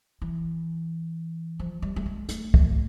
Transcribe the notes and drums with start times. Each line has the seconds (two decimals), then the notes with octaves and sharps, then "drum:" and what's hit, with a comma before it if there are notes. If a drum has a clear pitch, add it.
0.22 E3
1.59 F3
1.82 G3
1.96 A3
2.06 G#3
2.29 A3, drum: hi-hat
2.54 drum: kick